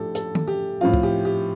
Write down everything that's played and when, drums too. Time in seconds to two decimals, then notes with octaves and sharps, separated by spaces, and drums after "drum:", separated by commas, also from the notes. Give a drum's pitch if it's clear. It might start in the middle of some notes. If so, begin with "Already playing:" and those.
Already playing: A2 F3 A3 D4 G4 A4
0.15 A4, drum: hi-hat
0.35 drum: tom
0.47 G4
0.81 A2 F3 C4 F4
0.94 drum: kick C#2
1.03 G4
1.25 G4